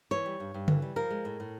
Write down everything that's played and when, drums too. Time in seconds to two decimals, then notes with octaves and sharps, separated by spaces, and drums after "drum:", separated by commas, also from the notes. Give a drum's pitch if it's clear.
0.11 E3 C#5
0.26 G3
0.40 G2
0.54 G2
0.68 E3, drum: tom C#3
0.82 G3
0.96 F3 A#4
1.10 G#3
1.25 A2
1.40 A2